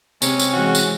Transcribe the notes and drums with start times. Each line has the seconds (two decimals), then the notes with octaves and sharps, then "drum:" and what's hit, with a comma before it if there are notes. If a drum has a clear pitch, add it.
0.22 C3 G#3 C4 C#4, drum: tambourine
0.39 drum: tambourine
0.53 E3 G#3 F#4
0.75 drum: tambourine